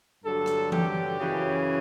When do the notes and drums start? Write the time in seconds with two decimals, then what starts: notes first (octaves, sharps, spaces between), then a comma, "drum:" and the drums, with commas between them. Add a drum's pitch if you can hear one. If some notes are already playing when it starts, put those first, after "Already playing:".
0.25 G2 D3 F#3 A4
0.46 drum: rim click
0.72 G4, drum: tom E3
1.19 F#2 C#3 E3